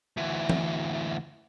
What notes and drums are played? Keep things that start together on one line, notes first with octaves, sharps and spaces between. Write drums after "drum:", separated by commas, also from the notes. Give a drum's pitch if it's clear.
D2 E3
drum: tom E3